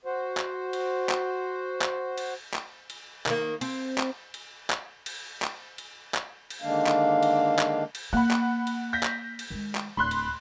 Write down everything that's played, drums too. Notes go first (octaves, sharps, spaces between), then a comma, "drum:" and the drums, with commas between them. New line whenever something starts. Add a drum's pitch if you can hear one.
F#4 C5
drum: clap
drum: cymbal
drum: clap
drum: clap
drum: cymbal
drum: clap
drum: cymbal
D#3 A#3, drum: clap
C4, drum: cymbal
drum: clap
drum: cymbal
drum: clap
drum: cymbal
drum: clap
drum: cymbal
drum: clap
drum: cymbal
D3 D#3 G#3 A#3 D4 F5
drum: clap
drum: cymbal
drum: clap
drum: cymbal
A#3 F#5 B5
drum: clap
drum: cymbal
G6 A#6 B6
drum: clap
drum: cymbal
D#3 G#3
drum: clap
D1 B5 C6 F#6
drum: cymbal